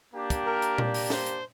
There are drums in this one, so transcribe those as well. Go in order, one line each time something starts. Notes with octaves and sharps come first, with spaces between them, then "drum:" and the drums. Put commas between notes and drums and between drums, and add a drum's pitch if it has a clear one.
A#3 D4 G4
drum: kick, hi-hat
A#4
drum: hi-hat
D5, drum: tom A#2
drum: open hi-hat
C5, drum: snare
drum: hi-hat